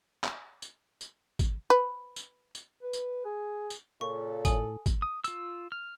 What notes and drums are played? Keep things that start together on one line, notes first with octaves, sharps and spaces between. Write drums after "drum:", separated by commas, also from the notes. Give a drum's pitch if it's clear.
drum: clap
drum: tambourine
drum: tambourine
drum: kick G#1, tambourine
B4
drum: tambourine
drum: tambourine
B4
drum: tambourine
G#4
drum: tambourine
A#2 C#3 A4 C#6
A2 G#5 D#6 F#7, drum: kick G#1, tambourine
drum: kick G#1, tambourine
D#6
F4 E6, drum: tambourine
F6